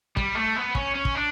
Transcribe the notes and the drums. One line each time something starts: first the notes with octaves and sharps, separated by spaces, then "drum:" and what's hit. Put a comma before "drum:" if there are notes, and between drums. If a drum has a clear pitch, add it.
G3, drum: kick
A3
B3
C#4, drum: kick
C#4
drum: kick
D4